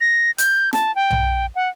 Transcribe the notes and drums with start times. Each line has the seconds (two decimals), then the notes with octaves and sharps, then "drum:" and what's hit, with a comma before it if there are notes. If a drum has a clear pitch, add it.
0.01 A#6
0.38 G6, drum: hi-hat
0.73 A5, drum: snare
0.96 G5
1.10 drum: tom B1
1.55 F#5